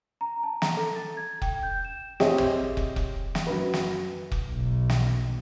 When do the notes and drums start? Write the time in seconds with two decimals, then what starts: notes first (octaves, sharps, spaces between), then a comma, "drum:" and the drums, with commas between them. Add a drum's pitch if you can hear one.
0.21 A#5
0.43 A5
0.62 A#5, drum: snare
0.77 A4
0.95 A6
1.17 G#6
1.42 G5, drum: kick
1.63 G6
1.85 E7
2.20 C4 G4 G#4 C#5 D#5 E5, drum: snare
2.38 drum: tom G#1
2.77 drum: kick
2.96 drum: kick
3.35 drum: snare
3.47 F#2 B4
3.74 drum: snare
4.32 drum: kick
4.46 B1
4.90 drum: snare